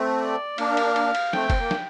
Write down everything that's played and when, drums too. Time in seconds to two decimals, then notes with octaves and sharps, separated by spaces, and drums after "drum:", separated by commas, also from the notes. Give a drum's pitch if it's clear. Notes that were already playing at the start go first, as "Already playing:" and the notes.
Already playing: A3 C4
0.21 D5
0.58 A#3 D4 F5, drum: cymbal
0.77 drum: cymbal
0.96 drum: cymbal
1.15 drum: cymbal
1.33 A3 C4 G5, drum: snare
1.50 C4, drum: kick, cymbal
1.58 A#3
1.71 drum: snare